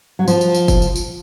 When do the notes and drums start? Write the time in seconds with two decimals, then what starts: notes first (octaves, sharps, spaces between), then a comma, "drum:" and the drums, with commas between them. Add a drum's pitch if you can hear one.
0.19 F#3
0.28 F3, drum: tambourine
0.41 drum: tambourine
0.55 drum: tambourine
0.68 drum: kick, tambourine
0.82 drum: tambourine
0.96 drum: tambourine